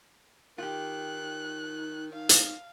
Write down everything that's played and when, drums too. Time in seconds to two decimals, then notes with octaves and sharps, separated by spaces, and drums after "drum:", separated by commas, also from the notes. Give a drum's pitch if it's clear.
0.58 D#3 F4 G4 F#6
1.16 D#4
2.13 D#4 F5
2.29 drum: hi-hat